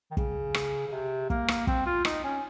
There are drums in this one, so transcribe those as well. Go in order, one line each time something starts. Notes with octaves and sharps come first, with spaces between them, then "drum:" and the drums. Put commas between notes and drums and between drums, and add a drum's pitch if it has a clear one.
D#3
C#3, drum: kick
drum: rim click
C#3
C3
A#3, drum: kick
drum: rim click
C4, drum: kick
F4
D#4, drum: rim click
C#4